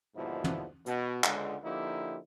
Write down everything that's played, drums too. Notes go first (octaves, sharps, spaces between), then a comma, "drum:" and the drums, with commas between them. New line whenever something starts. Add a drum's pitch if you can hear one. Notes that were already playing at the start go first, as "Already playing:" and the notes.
D#2 G#2 B2 D3 F3 E4
drum: tom
B2, drum: hi-hat
C#2 D3 G#3, drum: clap
D3 F3 A#3 D#4 E4 G4